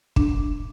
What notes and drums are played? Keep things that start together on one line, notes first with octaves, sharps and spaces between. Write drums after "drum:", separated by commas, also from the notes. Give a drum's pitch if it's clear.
D4, drum: kick